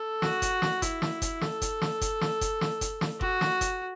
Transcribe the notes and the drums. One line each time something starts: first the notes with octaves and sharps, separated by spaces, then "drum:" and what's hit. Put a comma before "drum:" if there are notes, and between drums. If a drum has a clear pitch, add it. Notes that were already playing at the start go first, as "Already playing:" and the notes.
Already playing: A4
F#4, drum: snare
drum: kick F#1, hi-hat
drum: snare
E4, drum: kick F#1, hi-hat
drum: snare
drum: kick F#1, hi-hat
A4, drum: snare
drum: kick F#1, hi-hat
drum: snare
drum: kick F#1, hi-hat
drum: snare
drum: kick F#1, hi-hat
drum: snare
drum: kick F#1, hi-hat
drum: snare
F#4, drum: kick F#1
drum: snare
drum: kick F#1, hi-hat